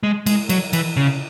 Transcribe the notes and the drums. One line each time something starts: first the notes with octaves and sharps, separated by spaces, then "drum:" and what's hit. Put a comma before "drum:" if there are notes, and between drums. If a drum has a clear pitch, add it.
G#3
G#3, drum: cymbal
F#3, drum: cymbal
E3, drum: cymbal
C#3